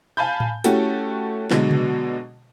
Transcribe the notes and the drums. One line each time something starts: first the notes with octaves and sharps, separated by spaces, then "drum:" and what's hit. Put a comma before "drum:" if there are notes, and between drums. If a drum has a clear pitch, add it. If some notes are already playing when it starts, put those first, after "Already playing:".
F5 G#5 A5 B5 G6
drum: tom A2
A3 C#4 E4 F#4 G4 A4, drum: hi-hat
B2 D3 F#3 G#3, drum: clap
drum: tom C3